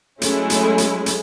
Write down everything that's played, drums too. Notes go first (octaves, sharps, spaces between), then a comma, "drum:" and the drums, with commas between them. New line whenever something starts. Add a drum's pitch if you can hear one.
F#3 G#3 A3 C#4 E4, drum: hi-hat
drum: hi-hat
drum: hi-hat
drum: hi-hat